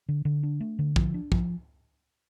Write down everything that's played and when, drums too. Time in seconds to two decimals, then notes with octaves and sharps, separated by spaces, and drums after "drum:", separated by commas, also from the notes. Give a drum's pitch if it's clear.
0.09 D3
0.25 D3
0.43 D4
0.60 A3
0.79 D3
0.96 F3, drum: kick
1.14 D4
1.32 F3, drum: kick